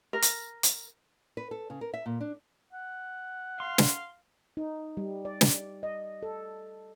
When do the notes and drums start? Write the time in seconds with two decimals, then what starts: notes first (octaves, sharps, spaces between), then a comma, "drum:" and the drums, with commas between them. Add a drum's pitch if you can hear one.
0.13 A#4
0.22 drum: hi-hat
0.63 drum: hi-hat
1.37 B4
1.51 A4
1.70 C#3
1.81 A#4
1.94 E5
2.06 A#2
2.21 D4
2.73 F#5
3.60 F5 C6
3.78 drum: snare
4.57 D#4
4.97 G3
5.25 D5
5.41 drum: snare
5.83 D#5
6.23 A4